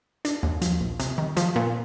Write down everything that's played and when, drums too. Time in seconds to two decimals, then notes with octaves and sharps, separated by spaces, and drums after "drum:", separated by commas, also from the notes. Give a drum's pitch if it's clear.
0.25 D4, drum: hi-hat
0.43 D#2
0.62 F3, drum: hi-hat
0.80 A#1
0.99 C3, drum: hi-hat
1.18 D#3
1.37 F3, drum: hi-hat
1.56 A#2